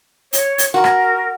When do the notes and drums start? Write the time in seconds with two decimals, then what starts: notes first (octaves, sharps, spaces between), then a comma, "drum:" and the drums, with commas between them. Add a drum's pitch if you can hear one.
0.33 C#5, drum: hi-hat
0.58 drum: hi-hat
0.74 F#4 A#4
0.84 drum: rim click